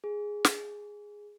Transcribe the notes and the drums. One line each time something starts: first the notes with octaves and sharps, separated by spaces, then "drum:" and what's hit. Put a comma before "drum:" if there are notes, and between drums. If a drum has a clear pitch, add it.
G#4
drum: snare